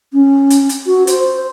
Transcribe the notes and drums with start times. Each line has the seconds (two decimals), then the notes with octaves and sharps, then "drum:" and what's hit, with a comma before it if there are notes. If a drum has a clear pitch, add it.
0.13 C#4
0.50 drum: hi-hat
0.69 drum: hi-hat
0.86 F#4
1.07 C5, drum: hi-hat